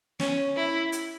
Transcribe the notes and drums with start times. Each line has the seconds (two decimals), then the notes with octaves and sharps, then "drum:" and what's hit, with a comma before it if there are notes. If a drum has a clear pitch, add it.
0.20 C#4, drum: snare
0.56 E4
0.92 drum: hi-hat